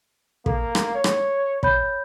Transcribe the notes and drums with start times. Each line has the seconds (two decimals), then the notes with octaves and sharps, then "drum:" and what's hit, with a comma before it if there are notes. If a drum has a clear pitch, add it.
0.46 A#3 A4, drum: kick
0.75 drum: rim click
0.95 C#5
1.04 drum: rim click
1.63 C#5 B5 G6, drum: kick